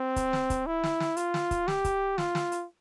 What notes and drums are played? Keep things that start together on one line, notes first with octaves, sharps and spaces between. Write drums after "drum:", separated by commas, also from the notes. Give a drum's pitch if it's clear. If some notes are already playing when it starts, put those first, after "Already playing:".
Already playing: C4
drum: kick C#1, hi-hat
drum: snare
drum: kick C#1, hi-hat
E4
drum: snare
drum: snare
F4, drum: hi-hat
drum: snare
drum: kick C#1, hi-hat
G4, drum: snare
drum: kick C#1, hi-hat
F4, drum: snare
drum: snare
drum: hi-hat